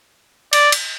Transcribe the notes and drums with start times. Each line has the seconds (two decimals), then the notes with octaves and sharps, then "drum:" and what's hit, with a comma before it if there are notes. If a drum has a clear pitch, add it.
0.53 D5, drum: cymbal
0.72 drum: cymbal